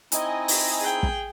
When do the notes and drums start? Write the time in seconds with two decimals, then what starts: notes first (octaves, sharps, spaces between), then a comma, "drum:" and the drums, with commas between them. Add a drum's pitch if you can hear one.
0.12 C4 D#4 E4 D#5 G#5, drum: hi-hat
0.48 drum: open hi-hat
0.81 G#4 G5
1.03 drum: kick